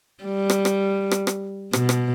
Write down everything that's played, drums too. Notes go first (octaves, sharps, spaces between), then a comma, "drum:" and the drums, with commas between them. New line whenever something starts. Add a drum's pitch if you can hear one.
G3
drum: rim click
drum: rim click
drum: rim click
drum: rim click
B2, drum: rim click
drum: rim click